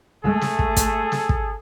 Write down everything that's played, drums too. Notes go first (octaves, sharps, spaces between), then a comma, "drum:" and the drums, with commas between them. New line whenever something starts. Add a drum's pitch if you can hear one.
A3 G#4 A4
drum: snare
drum: kick
drum: kick, hi-hat
drum: snare
drum: kick